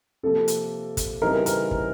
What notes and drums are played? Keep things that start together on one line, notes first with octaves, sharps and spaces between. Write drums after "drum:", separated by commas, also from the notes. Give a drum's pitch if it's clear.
C3 F3 A#3 A4
drum: hi-hat
drum: kick, hi-hat
C#3 E3 G3 C4 D#4 A#4
A#4, drum: hi-hat
drum: kick